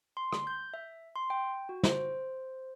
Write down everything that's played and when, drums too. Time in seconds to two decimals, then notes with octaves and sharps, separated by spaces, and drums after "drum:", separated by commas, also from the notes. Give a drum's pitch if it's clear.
0.17 C6
0.33 drum: rim click
0.47 G6
0.74 E5
1.16 C6
1.30 G5
1.69 F#4
1.84 C5, drum: snare